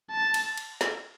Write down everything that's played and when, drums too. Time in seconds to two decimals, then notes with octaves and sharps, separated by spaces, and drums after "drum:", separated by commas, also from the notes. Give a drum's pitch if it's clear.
0.11 A5
0.34 drum: cymbal
0.57 drum: cymbal
0.81 drum: snare